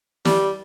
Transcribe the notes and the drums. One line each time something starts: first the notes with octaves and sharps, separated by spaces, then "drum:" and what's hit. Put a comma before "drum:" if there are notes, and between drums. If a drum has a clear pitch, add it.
G3, drum: snare